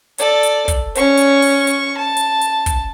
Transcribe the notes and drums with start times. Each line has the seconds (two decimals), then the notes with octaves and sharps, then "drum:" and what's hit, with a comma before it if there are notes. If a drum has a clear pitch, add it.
0.18 A4 D5, drum: hi-hat
0.43 drum: hi-hat
0.68 drum: kick, hi-hat
0.95 C#4 C#6, drum: hi-hat
1.17 drum: hi-hat
1.42 drum: open hi-hat
1.67 drum: hi-hat
1.98 A5
2.17 drum: hi-hat
2.41 drum: hi-hat
2.66 drum: kick, hi-hat